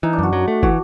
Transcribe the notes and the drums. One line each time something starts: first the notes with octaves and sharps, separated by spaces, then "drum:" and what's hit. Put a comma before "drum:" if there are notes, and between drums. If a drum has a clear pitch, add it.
E3 D#4
D4
F#2 F#4
F#3
A3
E3 F#4, drum: kick